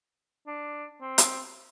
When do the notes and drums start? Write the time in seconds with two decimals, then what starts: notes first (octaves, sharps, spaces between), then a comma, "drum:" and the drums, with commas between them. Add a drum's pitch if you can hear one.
0.47 D4
1.01 C4
1.18 drum: hi-hat